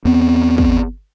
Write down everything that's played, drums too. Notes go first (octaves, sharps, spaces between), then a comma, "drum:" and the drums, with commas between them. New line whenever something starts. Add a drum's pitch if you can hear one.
E2 B3 C4
drum: kick